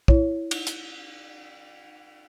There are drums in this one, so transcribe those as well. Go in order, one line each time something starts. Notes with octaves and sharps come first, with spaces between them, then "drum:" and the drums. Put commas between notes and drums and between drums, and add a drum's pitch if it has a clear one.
E4 C#5, drum: kick
drum: cymbal
drum: hi-hat